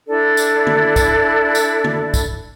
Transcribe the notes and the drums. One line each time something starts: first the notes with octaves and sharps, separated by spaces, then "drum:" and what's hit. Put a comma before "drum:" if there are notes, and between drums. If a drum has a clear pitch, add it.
D4 E4 A4 D5
drum: tambourine
drum: tom D3
drum: kick, tambourine
drum: tambourine
drum: tom D3
drum: kick, tambourine